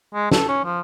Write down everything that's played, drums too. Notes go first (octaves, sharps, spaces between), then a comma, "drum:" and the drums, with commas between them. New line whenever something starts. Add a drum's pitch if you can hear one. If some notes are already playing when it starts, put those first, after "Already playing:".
G#3
A4, drum: snare
C#4
F3